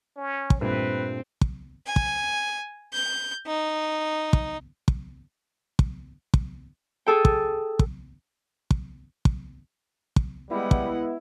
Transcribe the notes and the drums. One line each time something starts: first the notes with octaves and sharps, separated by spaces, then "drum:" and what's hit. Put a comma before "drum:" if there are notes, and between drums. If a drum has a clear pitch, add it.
C#4
drum: kick
G2 A#2 A3 C4 B4
drum: kick
G#5
drum: kick
G6
D#4
drum: kick
drum: kick
drum: kick
drum: kick
G#4 A4 G5
drum: kick
drum: kick
drum: kick
drum: kick
drum: kick
G3 G#3 B3 E4 F#5
drum: kick